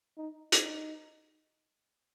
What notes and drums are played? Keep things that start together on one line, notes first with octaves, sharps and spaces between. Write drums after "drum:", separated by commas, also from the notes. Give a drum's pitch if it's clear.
D#4
D#4, drum: hi-hat